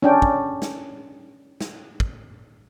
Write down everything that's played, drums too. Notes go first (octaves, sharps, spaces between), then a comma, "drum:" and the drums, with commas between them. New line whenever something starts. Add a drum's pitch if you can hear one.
C#4 D4 G5
drum: kick
drum: snare
drum: snare
drum: kick